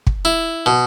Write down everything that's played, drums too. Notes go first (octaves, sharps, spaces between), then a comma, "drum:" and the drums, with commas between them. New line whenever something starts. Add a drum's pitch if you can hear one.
drum: kick
E4
B2